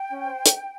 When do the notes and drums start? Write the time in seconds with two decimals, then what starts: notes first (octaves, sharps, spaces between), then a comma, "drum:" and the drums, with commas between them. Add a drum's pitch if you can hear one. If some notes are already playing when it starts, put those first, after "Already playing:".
Already playing: G5
0.09 C#4
0.24 C5
0.46 drum: hi-hat